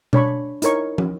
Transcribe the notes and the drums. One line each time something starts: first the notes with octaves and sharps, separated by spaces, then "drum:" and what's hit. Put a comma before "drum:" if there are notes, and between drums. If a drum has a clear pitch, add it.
D4 C#5 B5 C#6, drum: tom B2
D#4 E4 A#4 C#5 C#6, drum: hi-hat
drum: tom